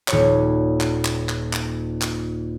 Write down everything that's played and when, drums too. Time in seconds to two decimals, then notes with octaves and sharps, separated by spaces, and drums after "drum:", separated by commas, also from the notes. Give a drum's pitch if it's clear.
0.08 D#1 C#5, drum: clap
0.81 drum: clap
1.05 drum: clap
1.29 drum: clap
1.53 drum: clap
2.02 drum: clap